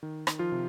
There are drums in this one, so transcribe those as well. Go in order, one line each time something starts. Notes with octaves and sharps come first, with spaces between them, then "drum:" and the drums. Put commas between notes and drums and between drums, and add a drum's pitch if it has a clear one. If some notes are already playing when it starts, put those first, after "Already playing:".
D#3
D#3, drum: rim click
F3 F4
C3